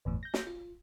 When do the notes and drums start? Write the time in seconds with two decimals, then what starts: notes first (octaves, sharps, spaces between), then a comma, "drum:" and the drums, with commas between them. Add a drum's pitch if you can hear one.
0.05 G1 E2 A2
0.23 G6 A#6
0.34 drum: snare
0.47 F4